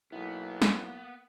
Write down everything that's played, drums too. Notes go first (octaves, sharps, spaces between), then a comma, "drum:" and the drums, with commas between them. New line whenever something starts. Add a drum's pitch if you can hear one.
B1 A#3 B3 E4
drum: snare